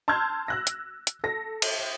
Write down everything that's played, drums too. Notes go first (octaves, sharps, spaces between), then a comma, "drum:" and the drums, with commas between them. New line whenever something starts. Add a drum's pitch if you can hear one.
A5 C6 E6 F6 G6 G#6
E6 F#6 A#6
drum: hi-hat
drum: hi-hat
A4 A#6
drum: cymbal